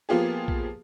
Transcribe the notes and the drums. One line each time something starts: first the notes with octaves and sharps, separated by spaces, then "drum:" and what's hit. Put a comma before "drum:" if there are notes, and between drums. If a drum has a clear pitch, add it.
F3 A#3 B3 F4 G4 G#4
drum: kick